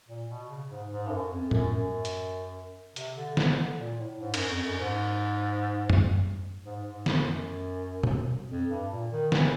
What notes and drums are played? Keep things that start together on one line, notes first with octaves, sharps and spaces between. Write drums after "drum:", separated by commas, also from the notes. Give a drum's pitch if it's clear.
A#2
B2
C#3
G#2
G#2
G2
F#2
F2
F#2, drum: tom A2
F#2
drum: hi-hat
C3, drum: hi-hat
D3
E3, drum: snare
D3
A#2
A2
G#2
F#2, drum: cymbal
F2
F#2
G#2
drum: tom F#2
G#2
G#2
F#2, drum: snare
F#2
drum: tom
F2
G2
A#2
D#3
E3, drum: snare